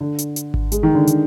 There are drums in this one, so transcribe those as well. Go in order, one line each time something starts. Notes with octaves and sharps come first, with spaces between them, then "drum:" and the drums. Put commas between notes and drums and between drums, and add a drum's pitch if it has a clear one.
D3
drum: hi-hat
drum: hi-hat
drum: kick G#1
G#3, drum: hi-hat
D#3
D3
D3, drum: hi-hat